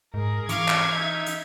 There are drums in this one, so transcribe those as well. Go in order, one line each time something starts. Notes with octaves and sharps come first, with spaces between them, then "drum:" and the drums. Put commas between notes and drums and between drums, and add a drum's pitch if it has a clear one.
G#2 G#4 A#4
E3 F5 C#6 D6 F6 G#6, drum: hi-hat
drum: clap
D#4 E5
drum: hi-hat